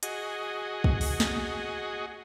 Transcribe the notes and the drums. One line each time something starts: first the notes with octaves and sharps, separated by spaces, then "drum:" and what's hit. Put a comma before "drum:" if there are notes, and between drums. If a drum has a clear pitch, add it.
F#4 G#4 D#5, drum: hi-hat
drum: kick
drum: open hi-hat
drum: snare